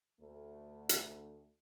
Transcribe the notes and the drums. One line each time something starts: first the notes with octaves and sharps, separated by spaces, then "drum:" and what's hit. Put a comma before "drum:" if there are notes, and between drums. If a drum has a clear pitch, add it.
D2 A3
drum: hi-hat